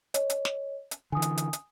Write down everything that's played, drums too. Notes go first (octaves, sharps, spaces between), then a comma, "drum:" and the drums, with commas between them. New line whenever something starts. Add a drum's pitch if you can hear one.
C#5 D#5, drum: hi-hat
drum: hi-hat
drum: snare
drum: hi-hat
D3 E3 G#5 D#6
drum: hi-hat
drum: hi-hat
drum: hi-hat